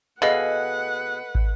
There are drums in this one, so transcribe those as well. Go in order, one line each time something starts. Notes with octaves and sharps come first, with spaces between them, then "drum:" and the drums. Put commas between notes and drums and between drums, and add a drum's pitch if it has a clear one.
B2 G#4 A4 B4 D#5 F5 F#5
drum: kick